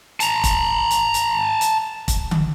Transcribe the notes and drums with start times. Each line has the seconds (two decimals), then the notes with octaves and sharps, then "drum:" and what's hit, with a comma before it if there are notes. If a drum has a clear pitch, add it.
0.20 A5 A#5, drum: hi-hat
0.44 drum: kick, hi-hat
0.91 drum: hi-hat
1.14 drum: hi-hat
1.61 drum: hi-hat
2.08 drum: kick, hi-hat
2.31 drum: tom D3